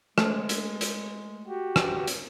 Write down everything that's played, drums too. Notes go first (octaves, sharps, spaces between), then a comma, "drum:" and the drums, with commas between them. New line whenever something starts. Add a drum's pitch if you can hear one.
G#3 A3, drum: rim click
drum: hi-hat
drum: hi-hat
F#4 G4
drum: rim click
drum: hi-hat